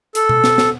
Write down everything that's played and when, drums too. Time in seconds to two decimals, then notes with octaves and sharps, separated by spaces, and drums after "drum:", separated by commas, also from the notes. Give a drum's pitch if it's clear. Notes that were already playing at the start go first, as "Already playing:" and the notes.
0.15 A4, drum: hi-hat
0.29 drum: tom B2
0.44 drum: snare
0.58 drum: snare